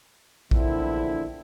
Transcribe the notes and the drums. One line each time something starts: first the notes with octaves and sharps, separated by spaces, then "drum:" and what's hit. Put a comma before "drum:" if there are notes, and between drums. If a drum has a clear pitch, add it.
A#1 E2 D3 C4 E4, drum: kick A#1